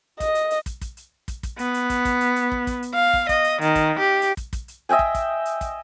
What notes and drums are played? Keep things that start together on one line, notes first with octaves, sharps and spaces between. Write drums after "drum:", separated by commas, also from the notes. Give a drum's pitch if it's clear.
D#5, drum: kick, hi-hat
drum: hi-hat
drum: hi-hat
drum: kick, hi-hat
drum: kick, hi-hat
drum: hi-hat
drum: kick, hi-hat
drum: kick, hi-hat
B3, drum: hi-hat
drum: hi-hat
drum: kick, hi-hat
drum: kick, hi-hat
drum: hi-hat
drum: hi-hat
drum: kick
drum: kick, hi-hat
drum: hi-hat
F5
drum: kick
D#5, drum: kick, hi-hat
drum: hi-hat
D#3, drum: hi-hat
drum: kick, hi-hat
G4
drum: hi-hat
drum: kick, hi-hat
drum: kick, hi-hat
drum: hi-hat
D#5 E5 G5 G#5
drum: kick
drum: kick, hi-hat
drum: hi-hat
drum: kick, hi-hat